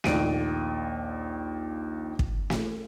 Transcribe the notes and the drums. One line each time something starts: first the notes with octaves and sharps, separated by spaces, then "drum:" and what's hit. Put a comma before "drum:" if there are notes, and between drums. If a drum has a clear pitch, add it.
A#1 D#2 D7 D#7, drum: snare
drum: kick
drum: snare